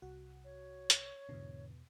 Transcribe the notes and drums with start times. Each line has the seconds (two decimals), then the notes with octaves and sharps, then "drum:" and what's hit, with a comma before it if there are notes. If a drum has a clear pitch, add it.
0.02 C2 F#4
0.44 C#5
0.90 drum: hi-hat
1.29 E2 G#2 B2 D3 D4